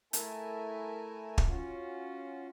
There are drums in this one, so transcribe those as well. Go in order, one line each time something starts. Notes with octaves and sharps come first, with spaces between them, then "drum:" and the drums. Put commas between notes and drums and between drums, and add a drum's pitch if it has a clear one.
A3 E4 A#4 E5 G#5 A5, drum: hi-hat
drum: kick
C#4 F4 F#4